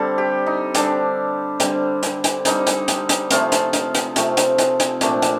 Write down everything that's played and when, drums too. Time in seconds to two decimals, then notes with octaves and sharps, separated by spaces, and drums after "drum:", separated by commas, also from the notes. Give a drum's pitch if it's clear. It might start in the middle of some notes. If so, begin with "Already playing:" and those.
Already playing: D3 G3 C4 A4
0.18 G4
0.47 D#4
0.75 D3 G3 C4 D4, drum: hi-hat
1.60 D3 G3 C4, drum: hi-hat
2.03 drum: hi-hat
2.24 drum: hi-hat
2.45 D3 G3 C4 D#4, drum: hi-hat
2.67 drum: hi-hat
2.88 drum: hi-hat
3.09 drum: hi-hat
3.31 C3 F3 A3 C4 F4, drum: hi-hat
3.52 drum: hi-hat
3.73 drum: hi-hat
3.94 drum: hi-hat
4.16 C3 F3 A3 C4, drum: hi-hat
4.37 drum: hi-hat
4.58 drum: hi-hat
4.80 drum: hi-hat
5.01 A#2 F3 A3 C4 D4, drum: hi-hat
5.22 drum: hi-hat